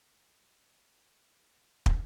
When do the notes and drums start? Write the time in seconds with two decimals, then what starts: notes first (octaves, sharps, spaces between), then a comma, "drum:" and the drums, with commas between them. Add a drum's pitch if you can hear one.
0.22 D3 G4
0.64 E3
0.94 G4
1.04 F#4
1.86 drum: kick